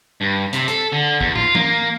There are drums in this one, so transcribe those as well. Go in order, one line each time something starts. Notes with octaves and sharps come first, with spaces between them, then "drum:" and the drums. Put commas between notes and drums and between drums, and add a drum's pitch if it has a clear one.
G2
C3, drum: hi-hat
A4, drum: hi-hat
D3
E2, drum: kick
F4, drum: tom
A#3, drum: tom E3